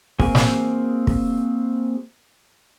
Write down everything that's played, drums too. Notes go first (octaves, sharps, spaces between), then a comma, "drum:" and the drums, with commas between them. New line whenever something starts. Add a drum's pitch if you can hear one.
A#3 C4 F#4 G#4 G#5, drum: kick
drum: snare
drum: kick